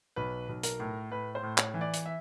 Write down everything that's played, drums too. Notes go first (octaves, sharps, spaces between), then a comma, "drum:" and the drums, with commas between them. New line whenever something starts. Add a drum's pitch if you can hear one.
B1 B4
B1
A#4, drum: hi-hat
A2
A2 B4
C5
A2
C#5, drum: clap
E3
D5
drum: hi-hat
E5